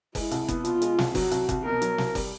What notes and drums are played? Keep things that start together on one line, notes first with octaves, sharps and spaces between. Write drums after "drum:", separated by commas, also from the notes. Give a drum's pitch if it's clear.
G#3 E4, drum: kick F#1, open hi-hat
C2, drum: hi-hat
B3, drum: kick F#1, hi-hat
B2 F4, drum: hi-hat
G#3, drum: hi-hat
C2, drum: snare
F#3 F#4, drum: kick F#1, open hi-hat
C2, drum: hi-hat
C2, drum: kick F#1, hi-hat
B2 A#4
F#3, drum: hi-hat
C2, drum: snare
G3, drum: kick F#1, open hi-hat